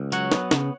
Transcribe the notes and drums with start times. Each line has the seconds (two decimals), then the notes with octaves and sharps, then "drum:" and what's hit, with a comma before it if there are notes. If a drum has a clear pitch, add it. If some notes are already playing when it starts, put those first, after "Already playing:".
Already playing: C#2
0.12 F#3 C#5 F#5, drum: hi-hat
0.31 B3, drum: snare
0.51 C#3, drum: snare